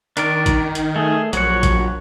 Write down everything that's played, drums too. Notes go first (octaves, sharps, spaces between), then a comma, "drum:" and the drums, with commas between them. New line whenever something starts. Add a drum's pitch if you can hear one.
D#3 D4 A#4 D5, drum: hi-hat
drum: kick A1, hi-hat
drum: hi-hat
A3 G#4
A#1 F#3 C#5 F#5, drum: hi-hat
drum: kick A1, hi-hat